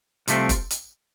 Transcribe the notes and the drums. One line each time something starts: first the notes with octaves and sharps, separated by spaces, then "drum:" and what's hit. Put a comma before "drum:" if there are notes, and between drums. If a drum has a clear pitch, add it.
C2 C3 F3 A3 C4, drum: hi-hat
drum: kick, hi-hat
drum: hi-hat